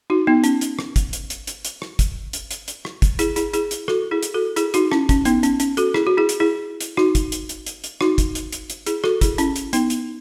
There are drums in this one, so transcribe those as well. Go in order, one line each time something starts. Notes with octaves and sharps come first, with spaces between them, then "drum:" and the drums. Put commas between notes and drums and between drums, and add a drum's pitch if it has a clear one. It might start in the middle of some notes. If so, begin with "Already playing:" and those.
D#4 F#4
B3 D#4
C#4, drum: hi-hat
drum: hi-hat
drum: rim click
drum: kick, hi-hat
drum: hi-hat
drum: hi-hat
drum: hi-hat
drum: hi-hat
drum: rim click
drum: kick, hi-hat
drum: hi-hat
drum: hi-hat
drum: hi-hat
drum: rim click
drum: kick, hi-hat
E4 G#4, drum: hi-hat
E4 G#4, drum: hi-hat
E4 G#4, drum: hi-hat
drum: hi-hat
F#4 A4, drum: rim click
E4 G#4
drum: hi-hat
F#4 A4
E4 G#4, drum: hi-hat
D#4 F#4, drum: hi-hat
C#4 E4, drum: rim click
C#4, drum: kick, hi-hat
B3 D#4, drum: hi-hat
C#4, drum: hi-hat
C#4, drum: hi-hat
F#4 A4, drum: hi-hat
E4 G#4, drum: rim click
F#4
E4 G#4
drum: hi-hat
E4 G#4
drum: hi-hat
D#4 F#4, drum: rim click
drum: kick, hi-hat
drum: hi-hat
drum: hi-hat
drum: hi-hat
drum: hi-hat
D#4 F#4, drum: rim click
drum: kick, hi-hat
drum: hi-hat
drum: hi-hat
drum: hi-hat
E4 G#4, drum: hi-hat
F#4 A4, drum: rim click
E4 G#4, drum: kick, hi-hat
C#4 E4, drum: hi-hat
drum: hi-hat
B3 D#4, drum: hi-hat
drum: hi-hat